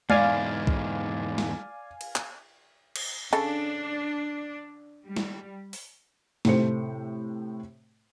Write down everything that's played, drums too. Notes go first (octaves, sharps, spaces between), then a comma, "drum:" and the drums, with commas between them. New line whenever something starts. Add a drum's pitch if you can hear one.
E2 G#2 D5 F5 G#5, drum: tom G#3
drum: kick B1
drum: snare
drum: cymbal
drum: clap
drum: cymbal
C#3 D4 A4, drum: hi-hat
G3
drum: snare
drum: open hi-hat
A2 C3 A3 C5 C#7, drum: snare